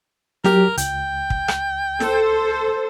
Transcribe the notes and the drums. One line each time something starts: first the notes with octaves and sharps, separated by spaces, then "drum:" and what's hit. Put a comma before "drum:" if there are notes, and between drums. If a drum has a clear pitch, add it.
F#3 G4 A#4, drum: snare
C#2 G5, drum: hi-hat
drum: kick
drum: rim click
A4 C5, drum: snare